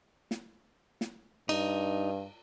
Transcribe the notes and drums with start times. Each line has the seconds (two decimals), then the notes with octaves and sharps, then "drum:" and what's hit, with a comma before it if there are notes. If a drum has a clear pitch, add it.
0.31 drum: snare
1.01 drum: snare
1.49 G2 D#4, drum: cymbal